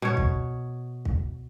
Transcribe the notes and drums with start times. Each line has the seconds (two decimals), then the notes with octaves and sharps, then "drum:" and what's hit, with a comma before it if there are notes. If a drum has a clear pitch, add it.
0.02 B2 C#5
0.17 drum: kick
1.05 drum: kick